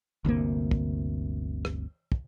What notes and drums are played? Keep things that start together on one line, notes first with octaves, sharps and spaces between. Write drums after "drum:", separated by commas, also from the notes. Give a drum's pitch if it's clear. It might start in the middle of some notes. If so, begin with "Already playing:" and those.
G1 D2 C3 A#3
drum: kick
drum: rim click
drum: kick